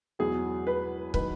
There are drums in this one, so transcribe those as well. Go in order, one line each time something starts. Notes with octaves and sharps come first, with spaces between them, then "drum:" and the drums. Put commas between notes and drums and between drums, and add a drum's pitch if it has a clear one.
E2 B2 F#3 G#4
B4
D#3 F#3 B4, drum: kick